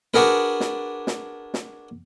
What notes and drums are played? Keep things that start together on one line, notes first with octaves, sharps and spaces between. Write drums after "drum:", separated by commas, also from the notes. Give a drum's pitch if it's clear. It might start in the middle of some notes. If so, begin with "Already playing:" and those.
D4 F#4 G#4 A#4 B4, drum: snare
drum: snare
drum: snare
drum: snare